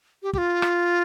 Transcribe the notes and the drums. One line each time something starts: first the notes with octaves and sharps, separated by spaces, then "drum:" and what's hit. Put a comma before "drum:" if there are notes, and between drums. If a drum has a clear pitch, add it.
G4
G4, drum: kick
F4
drum: rim click